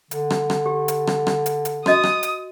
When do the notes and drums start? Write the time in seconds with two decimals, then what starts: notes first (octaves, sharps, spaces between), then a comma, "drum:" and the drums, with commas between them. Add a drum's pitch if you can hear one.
0.11 D3, drum: hi-hat
0.30 drum: rim click
0.50 drum: rim click
0.66 G4
0.88 drum: hi-hat
1.07 drum: rim click
1.27 drum: rim click
1.46 drum: hi-hat
1.65 drum: hi-hat
1.86 F#4 D#5 D#6, drum: rim click
2.04 drum: rim click
2.23 drum: hi-hat